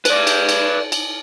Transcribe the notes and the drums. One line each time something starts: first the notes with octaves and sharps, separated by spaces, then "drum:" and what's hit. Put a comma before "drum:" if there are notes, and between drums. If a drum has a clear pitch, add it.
B4 D5, drum: cymbal
drum: cymbal
drum: cymbal
drum: cymbal